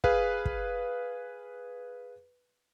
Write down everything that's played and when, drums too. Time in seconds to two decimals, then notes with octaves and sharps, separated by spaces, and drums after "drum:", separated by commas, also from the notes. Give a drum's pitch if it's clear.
0.04 G#4 B4 F5, drum: kick
0.45 drum: kick